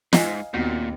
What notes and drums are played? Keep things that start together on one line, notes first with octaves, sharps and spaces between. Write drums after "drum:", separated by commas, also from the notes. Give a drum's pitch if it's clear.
G#2 D#5 F5 G#5, drum: snare
D#2 A#2 B3 C4 F#4